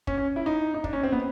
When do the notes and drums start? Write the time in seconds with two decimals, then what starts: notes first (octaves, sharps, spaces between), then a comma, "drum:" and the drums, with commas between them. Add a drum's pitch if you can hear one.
0.07 C#4, drum: kick
0.18 C#4
0.36 E4
0.46 D#4
0.74 D#4
0.84 D4, drum: kick
0.93 C#4
1.03 C4
1.12 B3